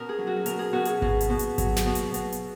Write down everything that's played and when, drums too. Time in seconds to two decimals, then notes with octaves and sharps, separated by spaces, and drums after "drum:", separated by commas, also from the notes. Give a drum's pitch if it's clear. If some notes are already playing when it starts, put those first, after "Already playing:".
Already playing: B2 C#4 A#4
0.09 G#4
0.18 F#3
0.27 F#4
0.46 B2 A#4, drum: hi-hat
0.59 G#4
0.73 B2 F#4
0.85 G#4, drum: hi-hat
1.02 B2, drum: kick G#1
1.21 drum: hi-hat
1.30 B2
1.39 drum: hi-hat
1.58 F#3, drum: kick G#1, hi-hat
1.76 drum: snare
1.86 B2
1.95 drum: hi-hat
2.14 B2, drum: hi-hat
2.32 drum: hi-hat